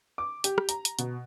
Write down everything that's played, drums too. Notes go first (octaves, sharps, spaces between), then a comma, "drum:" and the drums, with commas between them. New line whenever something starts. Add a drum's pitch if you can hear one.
D6
G4, drum: hi-hat
drum: rim click
A#5, drum: hi-hat
drum: hi-hat
B2, drum: hi-hat